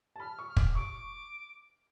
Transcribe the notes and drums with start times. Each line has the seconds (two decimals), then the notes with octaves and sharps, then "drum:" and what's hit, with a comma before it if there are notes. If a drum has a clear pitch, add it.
0.16 A5
0.20 B5 F6
0.39 C#6
0.48 F6
0.57 D6, drum: kick
0.75 C#6 D6